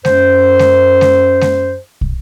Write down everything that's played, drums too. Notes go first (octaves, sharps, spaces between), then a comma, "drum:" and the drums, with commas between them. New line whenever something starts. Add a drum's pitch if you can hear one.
F#2 C5, drum: snare G#3
drum: snare G#3
drum: snare G#3
drum: snare G#3
drum: kick